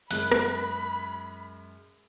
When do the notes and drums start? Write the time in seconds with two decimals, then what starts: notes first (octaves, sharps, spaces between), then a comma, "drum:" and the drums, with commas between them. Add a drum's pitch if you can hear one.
0.11 F#2 G#3 B5 F#6, drum: open hi-hat
0.32 drum: rim click